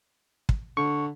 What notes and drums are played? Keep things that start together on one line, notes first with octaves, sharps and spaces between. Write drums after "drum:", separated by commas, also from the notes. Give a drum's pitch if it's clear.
drum: kick
D3 C#6